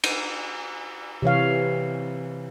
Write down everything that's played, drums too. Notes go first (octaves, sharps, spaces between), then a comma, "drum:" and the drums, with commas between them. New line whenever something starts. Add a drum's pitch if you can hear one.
drum: cymbal
C3 E3 C#5 F5